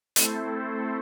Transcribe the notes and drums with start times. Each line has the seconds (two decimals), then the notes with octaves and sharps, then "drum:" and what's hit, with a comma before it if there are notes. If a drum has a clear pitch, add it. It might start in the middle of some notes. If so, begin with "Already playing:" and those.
0.16 A3 C4 E4 A4 C5, drum: hi-hat